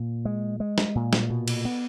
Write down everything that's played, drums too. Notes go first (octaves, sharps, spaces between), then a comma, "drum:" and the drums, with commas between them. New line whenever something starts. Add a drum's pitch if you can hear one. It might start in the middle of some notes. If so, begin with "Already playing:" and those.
Already playing: A#2
G#3
G#3
drum: snare
A#2
drum: snare
B2
drum: cymbal
B3